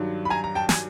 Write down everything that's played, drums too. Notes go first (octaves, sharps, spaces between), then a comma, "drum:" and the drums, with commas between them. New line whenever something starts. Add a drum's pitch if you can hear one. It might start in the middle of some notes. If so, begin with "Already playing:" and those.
Already playing: G2 D#3 F#3
B5
G#5 A#5
A#5
G5 A5
G#5, drum: snare